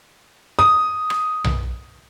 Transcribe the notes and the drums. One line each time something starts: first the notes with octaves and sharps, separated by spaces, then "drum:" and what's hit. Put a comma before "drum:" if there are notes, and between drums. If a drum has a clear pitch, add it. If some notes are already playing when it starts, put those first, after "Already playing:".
D#6
drum: rim click
drum: tom B1